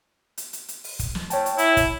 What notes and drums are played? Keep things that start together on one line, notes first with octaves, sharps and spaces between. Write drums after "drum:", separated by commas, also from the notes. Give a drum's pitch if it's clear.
drum: hi-hat
drum: hi-hat
drum: hi-hat
drum: open hi-hat
drum: kick, hi-hat
drum: snare
C#5 G5 A5, drum: hi-hat
drum: hi-hat
E4, drum: hi-hat
drum: kick, hi-hat